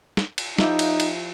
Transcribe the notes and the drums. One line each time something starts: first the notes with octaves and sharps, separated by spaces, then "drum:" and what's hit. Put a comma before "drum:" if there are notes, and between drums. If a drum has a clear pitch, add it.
drum: snare
drum: cymbal
F3 D#4 E4 G4, drum: snare
drum: cymbal
drum: cymbal